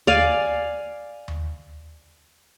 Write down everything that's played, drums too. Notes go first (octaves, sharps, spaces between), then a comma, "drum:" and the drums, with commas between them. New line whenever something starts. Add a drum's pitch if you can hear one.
D5 F5 G#5, drum: tom D#2
drum: tom D#2